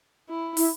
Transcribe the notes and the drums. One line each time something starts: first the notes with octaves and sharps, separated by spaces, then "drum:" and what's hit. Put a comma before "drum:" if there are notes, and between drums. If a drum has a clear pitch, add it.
E4
E4, drum: open hi-hat